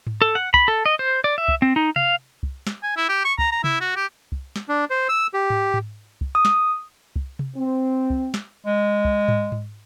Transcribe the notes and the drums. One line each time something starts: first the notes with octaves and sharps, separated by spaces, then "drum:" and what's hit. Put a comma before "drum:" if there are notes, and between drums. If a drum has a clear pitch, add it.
drum: tom G#2
A4
F#5
B5, drum: kick
A4
D#5
C5
D5
E5
drum: kick
C4
D#4
F5, drum: tom C3
drum: kick
drum: snare
G#5
E4
G4
C#6
A#5, drum: kick
A#5
E4, drum: tom C3
F#4
G4
drum: kick
drum: snare
D4
C5
E6
G4
drum: tom G#2
drum: tom G#2
drum: kick
D#6
drum: snare
drum: kick
drum: tom C3
C4
drum: kick
drum: snare
G#3
drum: kick
drum: tom G#2
drum: tom G#2